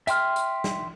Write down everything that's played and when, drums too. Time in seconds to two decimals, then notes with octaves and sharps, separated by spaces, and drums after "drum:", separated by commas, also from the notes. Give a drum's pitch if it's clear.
0.07 E5 G5 C6 F6, drum: hi-hat
0.36 drum: hi-hat
0.64 drum: snare